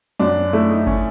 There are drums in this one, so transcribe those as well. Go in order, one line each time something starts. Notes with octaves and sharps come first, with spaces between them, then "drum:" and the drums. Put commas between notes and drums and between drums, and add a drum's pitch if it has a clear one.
F#2 D4
A3 E4
D#4
C#4, drum: kick F#1